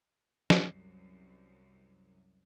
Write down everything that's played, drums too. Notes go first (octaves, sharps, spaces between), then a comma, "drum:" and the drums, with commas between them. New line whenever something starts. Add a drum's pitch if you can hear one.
C2 F#2, drum: snare